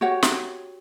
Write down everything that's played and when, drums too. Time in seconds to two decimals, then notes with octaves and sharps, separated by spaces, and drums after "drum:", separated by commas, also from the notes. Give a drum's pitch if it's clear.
0.01 F#4 G4 C#5 F#5
0.23 drum: snare